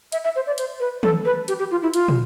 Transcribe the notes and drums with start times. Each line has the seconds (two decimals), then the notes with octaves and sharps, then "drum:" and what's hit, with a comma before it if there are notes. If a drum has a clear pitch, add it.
0.12 E5, drum: hi-hat
0.24 E5
0.36 C5
0.47 D5
0.58 C5, drum: hi-hat
0.80 B4
1.03 A4, drum: tom D#3
1.25 B4
1.48 G4, drum: hi-hat
1.59 G4
1.71 F4
1.82 E4
1.94 F4, drum: hi-hat
2.08 drum: tom